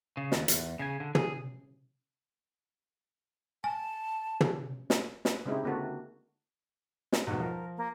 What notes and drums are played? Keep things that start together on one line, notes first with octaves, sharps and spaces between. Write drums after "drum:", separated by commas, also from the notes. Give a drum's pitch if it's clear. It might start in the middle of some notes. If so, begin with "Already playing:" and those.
C#3
D#2, drum: snare
E2, drum: hi-hat
C#3 G#5
D3
G#4, drum: tom
G#5 A5
drum: tom
drum: snare
B4, drum: snare
C#3 G#3 C4 D#4 E4 G4
D3 A#3 C4 F#4 A4
drum: snare
E2 G#2 B2 F#5
F3 A#4
A#3